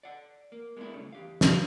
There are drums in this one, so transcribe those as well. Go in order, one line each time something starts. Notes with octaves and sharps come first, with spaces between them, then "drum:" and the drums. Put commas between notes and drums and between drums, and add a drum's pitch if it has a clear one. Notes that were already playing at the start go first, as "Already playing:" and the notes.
D5 F#5
A#3
G#3 A#3 B3 C#4 D4 E4
C#2 G2 A3 C#4
E2 G4 F5
G2 D4 F5, drum: snare